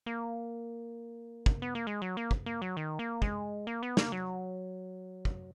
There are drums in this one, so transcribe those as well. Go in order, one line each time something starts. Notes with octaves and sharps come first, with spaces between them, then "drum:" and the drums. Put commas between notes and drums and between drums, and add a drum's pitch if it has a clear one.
A#3
drum: kick
B3
A#3
G#3
F#3
A#3
drum: kick
A#3
F#3
D#3
A#3
G#3, drum: kick
A#3
B3
A#3, drum: snare
F#3
drum: kick